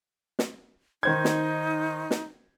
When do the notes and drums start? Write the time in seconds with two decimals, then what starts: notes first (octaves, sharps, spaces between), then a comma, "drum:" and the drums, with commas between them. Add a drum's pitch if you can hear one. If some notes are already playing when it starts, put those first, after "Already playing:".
0.39 drum: snare
1.03 D#3 D#4 C5 G#6
1.25 drum: snare
2.11 drum: snare